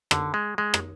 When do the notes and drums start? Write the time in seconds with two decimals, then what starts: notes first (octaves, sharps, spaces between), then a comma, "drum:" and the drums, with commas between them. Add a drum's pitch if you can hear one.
0.11 D3, drum: rim click
0.34 G#3
0.58 G#3
0.74 drum: rim click